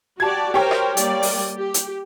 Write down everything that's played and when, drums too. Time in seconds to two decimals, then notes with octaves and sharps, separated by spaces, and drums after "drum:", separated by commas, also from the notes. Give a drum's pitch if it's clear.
0.20 F#4 G4 D5 A5 G#6
0.54 G4 A#4 C5 C#5 G5
0.71 drum: rim click
0.97 G3 A#3 D5, drum: hi-hat
1.23 drum: open hi-hat
1.56 G4
1.74 drum: hi-hat